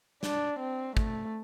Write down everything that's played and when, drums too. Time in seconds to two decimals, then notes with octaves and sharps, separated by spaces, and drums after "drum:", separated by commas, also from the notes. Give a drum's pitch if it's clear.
0.23 D4, drum: snare
0.60 C4
0.97 A3, drum: kick